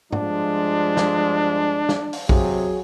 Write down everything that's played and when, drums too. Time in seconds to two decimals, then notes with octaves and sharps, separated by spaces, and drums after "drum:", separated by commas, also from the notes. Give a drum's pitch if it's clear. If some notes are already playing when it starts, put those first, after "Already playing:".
0.12 G2 F3 G#3 D4, drum: tom G#2
0.97 drum: snare
1.89 drum: snare
2.13 drum: open hi-hat
2.29 C3 F#3 G#4, drum: kick A#1